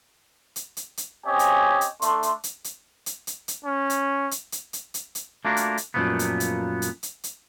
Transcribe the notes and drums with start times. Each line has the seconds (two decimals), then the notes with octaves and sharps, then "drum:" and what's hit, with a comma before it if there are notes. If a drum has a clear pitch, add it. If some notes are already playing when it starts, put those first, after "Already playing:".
0.56 drum: hi-hat
0.77 drum: hi-hat
0.97 drum: hi-hat
1.26 C4 C#4 G4 C#5 D#5 G#5
1.39 drum: hi-hat
1.81 drum: hi-hat
2.02 A3 D4 C6, drum: hi-hat
2.23 drum: hi-hat
2.44 drum: hi-hat
2.64 drum: hi-hat
3.06 drum: hi-hat
3.27 drum: hi-hat
3.48 drum: hi-hat
3.65 C#4
3.90 drum: hi-hat
4.31 drum: hi-hat
4.52 drum: hi-hat
4.73 drum: hi-hat
4.94 drum: hi-hat
5.15 drum: hi-hat
5.45 A3 A#3 D4 F4 F#4 A#4
5.57 drum: hi-hat
5.77 drum: hi-hat
5.94 F#2 A#2 D#3 F3 A3 B3
6.19 drum: hi-hat
6.40 drum: hi-hat
6.82 drum: hi-hat
7.03 drum: hi-hat
7.24 drum: hi-hat